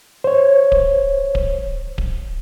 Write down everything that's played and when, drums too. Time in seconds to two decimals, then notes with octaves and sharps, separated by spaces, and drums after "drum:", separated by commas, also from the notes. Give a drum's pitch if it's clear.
0.24 C5 C#5
0.72 drum: kick D1
1.35 drum: kick D1
1.98 drum: kick D1